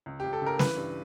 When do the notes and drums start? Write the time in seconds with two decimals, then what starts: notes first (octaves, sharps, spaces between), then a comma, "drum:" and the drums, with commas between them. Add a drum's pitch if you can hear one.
0.06 C#2
0.20 C#2 G4
0.33 A4
0.42 C#3 A#4
0.59 E3 B4, drum: snare
0.76 G2